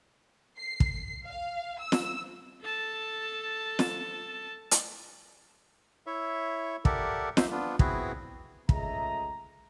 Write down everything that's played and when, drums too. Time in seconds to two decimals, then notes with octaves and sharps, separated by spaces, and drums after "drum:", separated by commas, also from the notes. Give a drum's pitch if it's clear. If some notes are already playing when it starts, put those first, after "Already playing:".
0.58 C7
0.80 drum: kick
1.26 F5
1.79 E6
1.92 drum: snare
2.62 A4 A5
3.79 drum: snare
4.71 drum: hi-hat
6.07 E4 C#5 E5
6.85 G4 A4 A#4 D5 E5 F#5, drum: kick
7.37 D#4 C5 E5, drum: snare
7.51 B3 D4 F4
7.79 B3 C4 E4 F#4 G#4 B4, drum: kick
8.69 C#2 A3 G#4 D#5 E5 A#5, drum: kick